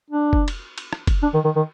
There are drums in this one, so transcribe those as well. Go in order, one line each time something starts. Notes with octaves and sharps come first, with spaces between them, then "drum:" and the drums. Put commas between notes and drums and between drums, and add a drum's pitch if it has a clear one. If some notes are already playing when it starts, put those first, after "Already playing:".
D4
drum: kick
drum: cymbal
drum: cymbal
drum: rim click
drum: kick, cymbal
D4
D#3
D#3
D#3